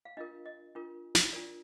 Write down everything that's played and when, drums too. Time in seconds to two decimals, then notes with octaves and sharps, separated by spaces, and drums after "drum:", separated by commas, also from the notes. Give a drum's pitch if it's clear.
0.05 F5
0.17 D4 F4 A#4 D#5
0.46 D#5
0.75 D4 F4 A#4
1.15 drum: snare
1.33 D4 F4 A#4 D5